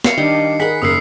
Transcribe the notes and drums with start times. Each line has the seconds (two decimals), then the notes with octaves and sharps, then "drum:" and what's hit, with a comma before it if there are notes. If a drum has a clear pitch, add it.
0.04 E5 F5 C7 C#7, drum: snare
0.18 D#3 G3 D4 D#5
0.60 G#4 A#4 F#5 B5 B6
0.82 F#1 A#4 D#6 E6 C7